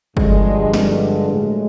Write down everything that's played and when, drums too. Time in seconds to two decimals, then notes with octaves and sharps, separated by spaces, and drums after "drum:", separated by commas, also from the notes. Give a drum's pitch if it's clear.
0.17 G2 D3 F3 G#3, drum: kick
0.74 G#3, drum: snare
1.29 A2 F#3 G#3